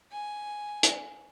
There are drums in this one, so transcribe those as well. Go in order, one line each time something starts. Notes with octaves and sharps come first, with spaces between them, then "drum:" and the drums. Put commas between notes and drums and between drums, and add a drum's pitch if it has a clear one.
G#5
drum: hi-hat